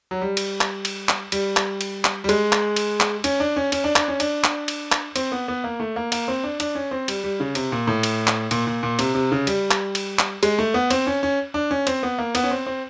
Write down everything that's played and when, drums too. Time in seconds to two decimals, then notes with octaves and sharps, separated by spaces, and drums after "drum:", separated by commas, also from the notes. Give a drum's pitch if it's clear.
0.11 F#3
0.21 G3
0.37 drum: cymbal
0.61 drum: clap
0.85 drum: cymbal
1.09 drum: clap
1.32 G3, drum: cymbal
1.57 drum: clap
1.81 drum: cymbal
2.05 drum: clap
2.24 G3
2.29 G#3, drum: cymbal
2.52 drum: clap
2.76 drum: cymbal
3.00 drum: clap
3.24 C#4, drum: cymbal
3.40 D4
3.56 C#4
3.72 C#4, drum: cymbal
3.84 D4
3.96 D4, drum: clap
4.08 C#4
4.20 D4, drum: cymbal
4.44 drum: clap
4.68 drum: cymbal
4.92 drum: clap
5.16 C4, drum: cymbal
5.32 B3
5.48 B3
5.64 A#3
5.80 A3
5.96 A#3
6.12 A#3, drum: cymbal
6.28 C4
6.44 D4
6.60 D4, drum: cymbal
6.75 C#4
6.91 C4
7.08 G3, drum: cymbal
7.24 G3
7.40 C#3
7.55 C3, drum: cymbal
7.72 A#2
7.87 A2
8.03 drum: cymbal
8.27 drum: clap
8.51 A#2, drum: cymbal
8.67 A#2
8.83 A#2
8.99 C3, drum: cymbal
9.15 C3
9.32 C#3
9.47 G3, drum: cymbal
9.71 drum: clap
9.95 drum: cymbal
10.19 drum: clap
10.43 G#3, drum: cymbal
10.59 A3
10.74 B3
10.90 C4, drum: cymbal
11.07 C#4
11.23 C#4
11.54 D4
11.71 C#4
11.87 C4, drum: cymbal
12.03 B3
12.19 A#3
12.35 B3, drum: cymbal
12.43 C#4
12.51 C4
12.67 C4